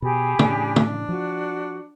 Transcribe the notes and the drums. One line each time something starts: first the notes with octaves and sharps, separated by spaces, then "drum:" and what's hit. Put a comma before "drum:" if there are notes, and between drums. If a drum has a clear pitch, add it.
B2 G4 G#4 B5
A2 C#3 D4, drum: tom
drum: tom
F3 F#4